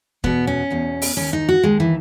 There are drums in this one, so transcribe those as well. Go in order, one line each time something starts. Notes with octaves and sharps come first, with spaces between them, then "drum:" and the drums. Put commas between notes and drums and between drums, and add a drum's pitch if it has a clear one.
E2 B2 B3, drum: kick E1
C#4
E2 B2
drum: open hi-hat
D#2 D#3 C#4
D#4
F#4
D#2 D#3 G#3
E3